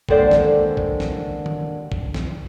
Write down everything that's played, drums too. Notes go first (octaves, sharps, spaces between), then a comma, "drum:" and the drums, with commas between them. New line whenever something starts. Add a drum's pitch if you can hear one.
D#2 D3 G#3 A4 C5 D5, drum: kick
drum: snare
drum: kick
drum: snare
drum: tom D3
drum: kick
drum: snare